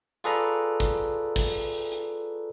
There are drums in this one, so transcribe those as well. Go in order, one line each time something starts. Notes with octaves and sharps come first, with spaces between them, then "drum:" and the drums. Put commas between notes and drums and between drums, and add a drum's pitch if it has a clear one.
F4 G#4 A4 B4 D5 A#5, drum: hi-hat
drum: kick, hi-hat
drum: kick, open hi-hat
drum: hi-hat